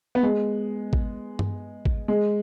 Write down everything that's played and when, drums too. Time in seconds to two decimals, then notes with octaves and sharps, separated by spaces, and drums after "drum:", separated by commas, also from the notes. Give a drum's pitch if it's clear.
0.15 B3
0.23 G#3
0.93 drum: kick G#1
1.39 drum: tom G2
1.85 drum: kick G#1
2.08 G#3